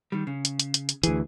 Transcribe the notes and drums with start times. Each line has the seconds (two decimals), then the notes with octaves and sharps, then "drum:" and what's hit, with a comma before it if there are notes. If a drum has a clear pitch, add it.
0.12 D#3 G3
0.27 C#3
0.45 drum: hi-hat
0.59 drum: hi-hat
0.74 drum: hi-hat
0.89 drum: hi-hat
1.03 D2 E3 G#4, drum: hi-hat